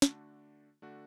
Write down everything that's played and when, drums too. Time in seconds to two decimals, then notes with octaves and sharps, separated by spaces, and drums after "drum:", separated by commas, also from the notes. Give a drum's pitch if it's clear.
0.02 D3 A3 D4 F#4, drum: snare
0.82 D3 A3 D4 F#4